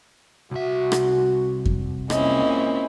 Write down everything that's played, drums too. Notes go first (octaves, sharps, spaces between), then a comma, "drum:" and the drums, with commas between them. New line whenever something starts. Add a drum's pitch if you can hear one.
C2 F#4 E5
drum: rim click
drum: kick F2
A#2 G#3 A#3 C4 C#4 E4 D#5, drum: rim click